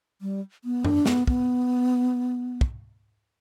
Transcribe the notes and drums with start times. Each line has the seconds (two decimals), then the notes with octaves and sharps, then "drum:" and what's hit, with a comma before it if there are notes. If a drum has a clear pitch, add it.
0.22 G3
0.65 B3
0.85 D4, drum: tom F#2
1.06 B3, drum: snare
1.27 B3, drum: kick
2.61 drum: kick